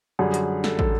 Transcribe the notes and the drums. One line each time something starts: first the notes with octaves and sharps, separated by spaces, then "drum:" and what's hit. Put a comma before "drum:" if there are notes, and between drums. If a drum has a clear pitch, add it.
F#2 D3 G3 G#4
drum: hi-hat
A4, drum: snare
A4, drum: kick